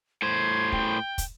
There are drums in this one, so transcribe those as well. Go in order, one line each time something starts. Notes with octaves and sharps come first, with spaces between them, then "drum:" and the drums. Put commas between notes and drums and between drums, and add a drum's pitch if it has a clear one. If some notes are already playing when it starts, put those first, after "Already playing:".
A2 C5 G#6
G5, drum: kick
drum: kick, hi-hat